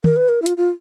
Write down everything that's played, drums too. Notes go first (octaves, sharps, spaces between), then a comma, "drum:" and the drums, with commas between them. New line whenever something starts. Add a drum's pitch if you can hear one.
A#4, drum: tom
B4
A#4
E4
F4, drum: hi-hat
F4